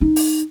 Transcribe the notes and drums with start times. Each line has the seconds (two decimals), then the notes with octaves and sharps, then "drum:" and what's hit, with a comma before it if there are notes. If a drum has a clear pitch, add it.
0.01 D#4
0.16 drum: open hi-hat